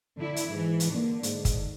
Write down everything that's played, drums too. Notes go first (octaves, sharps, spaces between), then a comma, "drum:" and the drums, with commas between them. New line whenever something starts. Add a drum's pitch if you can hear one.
D3 E4
drum: hi-hat
G#2 E3
drum: hi-hat
D3 A#3
G#2, drum: hi-hat
drum: kick, hi-hat